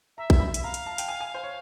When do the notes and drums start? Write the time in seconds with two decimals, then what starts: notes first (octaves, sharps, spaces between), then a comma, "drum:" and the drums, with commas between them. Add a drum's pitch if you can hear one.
0.17 E5 A#5
0.30 drum: kick A#1
0.40 B5
0.54 E5, drum: hi-hat
0.63 F5 A#5
0.74 drum: hi-hat
0.86 A5
0.98 G5, drum: hi-hat
1.08 G#5
1.21 G#5
1.34 C5
1.44 C#5